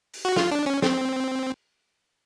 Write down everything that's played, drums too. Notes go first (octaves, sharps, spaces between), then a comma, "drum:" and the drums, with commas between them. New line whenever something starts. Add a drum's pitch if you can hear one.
drum: open hi-hat
F#4
F4, drum: snare
D4
C#4
C4, drum: snare